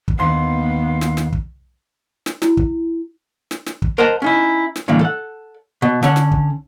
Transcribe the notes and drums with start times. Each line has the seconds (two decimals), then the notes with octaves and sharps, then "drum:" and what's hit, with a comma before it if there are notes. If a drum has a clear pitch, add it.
0.08 drum: kick
0.19 D#2 B3 F5 F#5 C6
1.01 drum: snare
1.17 drum: snare
1.32 drum: kick
2.26 drum: snare
2.42 E4, drum: snare
2.57 drum: kick
3.51 drum: snare
3.66 drum: snare
3.82 drum: kick
3.98 A#4 C5 D#5 F#5 A5 A#5
4.22 C#4 D#4 E4
4.76 drum: snare
4.88 A2 D3 E3 G3 A#3
5.01 A4 F#5
5.82 B2
6.03 D3 C#4 F#5, drum: snare
6.16 drum: snare
6.31 drum: kick